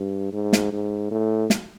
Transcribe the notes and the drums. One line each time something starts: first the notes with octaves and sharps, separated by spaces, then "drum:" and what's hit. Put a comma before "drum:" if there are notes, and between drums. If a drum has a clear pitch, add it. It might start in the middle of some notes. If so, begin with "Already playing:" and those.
Already playing: G2
G#2
drum: snare
G#2
A2
drum: snare